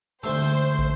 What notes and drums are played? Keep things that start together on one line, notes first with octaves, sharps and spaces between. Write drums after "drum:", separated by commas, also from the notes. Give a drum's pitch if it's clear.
D2 A3 A4 C5, drum: tom
drum: snare
drum: kick